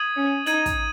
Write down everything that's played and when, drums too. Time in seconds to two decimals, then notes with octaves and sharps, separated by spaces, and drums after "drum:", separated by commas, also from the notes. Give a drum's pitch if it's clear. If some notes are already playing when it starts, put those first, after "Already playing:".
Already playing: D#6 G#6 D#7 F#7
0.17 C#4
0.46 D#4 G#6 D#7 F#7, drum: hi-hat
0.66 drum: kick, hi-hat